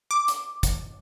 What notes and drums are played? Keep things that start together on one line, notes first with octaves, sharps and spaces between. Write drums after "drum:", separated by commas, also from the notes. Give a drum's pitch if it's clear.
D6
drum: hi-hat
drum: kick, hi-hat